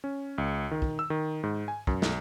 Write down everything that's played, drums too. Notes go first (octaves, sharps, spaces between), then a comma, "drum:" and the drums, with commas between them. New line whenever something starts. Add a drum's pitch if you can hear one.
C#4
C#2
D#3
drum: kick
E6
D#3
G#2
G#5
F#2, drum: kick
B1, drum: snare